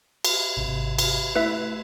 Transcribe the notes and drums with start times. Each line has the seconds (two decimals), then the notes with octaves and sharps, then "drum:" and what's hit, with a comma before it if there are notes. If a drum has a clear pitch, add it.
0.25 drum: cymbal
0.57 G#1 C3
0.99 drum: cymbal
1.36 A3 E4 B4 E5